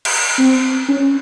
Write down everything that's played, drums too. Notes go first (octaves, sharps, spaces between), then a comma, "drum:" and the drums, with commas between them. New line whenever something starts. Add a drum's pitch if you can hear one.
drum: cymbal
C4
C#4